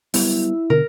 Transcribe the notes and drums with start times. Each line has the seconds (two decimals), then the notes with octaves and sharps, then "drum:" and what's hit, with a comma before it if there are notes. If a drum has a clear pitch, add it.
0.14 F#3 G3 B3 E4, drum: open hi-hat
0.70 B2 D3 A#4